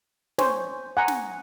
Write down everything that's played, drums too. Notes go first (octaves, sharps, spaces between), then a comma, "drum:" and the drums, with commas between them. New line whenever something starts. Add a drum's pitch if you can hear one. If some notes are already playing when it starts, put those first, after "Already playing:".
C5 C#5 G#5, drum: snare
F#5 G#5 A#5
drum: snare